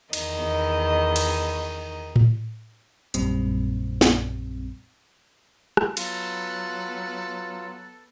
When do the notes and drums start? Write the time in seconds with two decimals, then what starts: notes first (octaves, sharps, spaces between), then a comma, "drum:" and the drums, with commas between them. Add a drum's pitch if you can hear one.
0.13 E2 D#3 D#5, drum: cymbal
1.16 drum: cymbal
2.16 drum: tom A2
3.14 A#1 F#2 A#2 G3 C4, drum: hi-hat
4.01 drum: snare
5.77 drum: rim click
5.97 F#3 B3 F4 A4, drum: cymbal